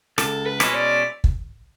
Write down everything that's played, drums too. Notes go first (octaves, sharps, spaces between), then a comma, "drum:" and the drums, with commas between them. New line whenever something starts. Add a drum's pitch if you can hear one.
C#2 A4, drum: rim click
B4
B2 G#3 C#4 E4, drum: rim click
D5
drum: kick